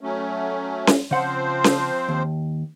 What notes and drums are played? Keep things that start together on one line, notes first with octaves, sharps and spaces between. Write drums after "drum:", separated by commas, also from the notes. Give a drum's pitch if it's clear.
F#3 A3 C#4
drum: snare C#4
C#3 F3 C4 C5 F#5
drum: snare C#4
D#2